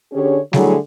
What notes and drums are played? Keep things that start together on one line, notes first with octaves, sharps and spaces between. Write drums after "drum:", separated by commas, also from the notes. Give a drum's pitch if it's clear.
D3 C#4 D4 G4 G#4 C#5
D3 F#3 G3 A3 E4 G#4, drum: snare G3